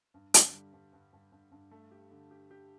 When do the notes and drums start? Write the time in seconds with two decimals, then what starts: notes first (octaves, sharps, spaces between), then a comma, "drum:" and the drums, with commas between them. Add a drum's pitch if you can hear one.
0.14 G2
0.34 D3, drum: hi-hat
0.53 G3
0.73 G2
0.93 G2
1.13 G2
1.32 G2
1.52 G2
1.71 A3
1.91 G4
2.11 D3
2.31 G4
2.51 G4